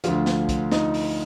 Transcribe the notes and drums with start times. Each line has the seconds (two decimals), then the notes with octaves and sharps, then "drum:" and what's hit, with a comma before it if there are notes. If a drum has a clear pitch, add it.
0.04 D2 D3 F3 F4, drum: hi-hat
0.26 drum: snare
0.49 drum: kick, hi-hat
0.72 D#4, drum: snare
0.94 drum: open hi-hat